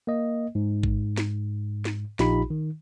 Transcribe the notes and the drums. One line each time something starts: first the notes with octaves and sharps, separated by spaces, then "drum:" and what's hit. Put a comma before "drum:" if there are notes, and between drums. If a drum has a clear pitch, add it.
A#3 D#5
G#2
drum: kick A1
drum: snare
drum: snare
A#1 D#4 F4 G4 B5, drum: snare
D#3